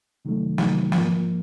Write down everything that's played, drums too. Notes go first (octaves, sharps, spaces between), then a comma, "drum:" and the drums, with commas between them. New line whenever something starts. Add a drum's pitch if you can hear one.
C3 D#3 F#3 A3
C3 D#3 F#3 A3, drum: snare
G#2 F3 A#3, drum: snare